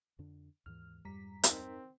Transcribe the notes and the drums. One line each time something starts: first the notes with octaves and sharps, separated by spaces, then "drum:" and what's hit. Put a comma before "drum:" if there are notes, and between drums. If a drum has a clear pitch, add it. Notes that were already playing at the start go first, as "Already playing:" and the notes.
F2 D3 D4
D#2 G#2 E3 F6
F2 G#2 G3 A#5 B6
C4 D#4 A#4, drum: hi-hat